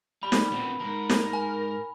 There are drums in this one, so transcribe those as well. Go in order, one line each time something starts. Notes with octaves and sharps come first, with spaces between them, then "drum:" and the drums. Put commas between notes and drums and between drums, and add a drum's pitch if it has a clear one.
G3 B5
drum: snare
D2 A#2 B3 C4
D#2 G#2 A#4
drum: snare
G#5